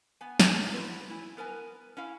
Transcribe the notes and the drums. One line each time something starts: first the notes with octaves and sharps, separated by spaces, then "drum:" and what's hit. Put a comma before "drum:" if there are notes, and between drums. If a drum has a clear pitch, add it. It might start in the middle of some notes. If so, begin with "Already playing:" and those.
B3 G#5
E2, drum: snare
C4 E4 F#4 B4
E4 G#5
B3 A#4 B4 G#5
C#4 E4 F5